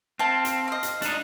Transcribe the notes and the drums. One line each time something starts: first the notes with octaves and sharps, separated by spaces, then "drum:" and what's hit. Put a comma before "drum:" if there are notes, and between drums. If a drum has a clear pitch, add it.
C4 F5 A5
drum: hi-hat
D#5 F5
drum: hi-hat
D4 D#4, drum: hi-hat